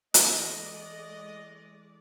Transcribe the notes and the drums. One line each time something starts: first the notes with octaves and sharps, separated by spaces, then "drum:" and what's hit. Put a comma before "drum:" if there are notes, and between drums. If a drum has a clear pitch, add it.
E3 G#3 A3 D5 D#5, drum: hi-hat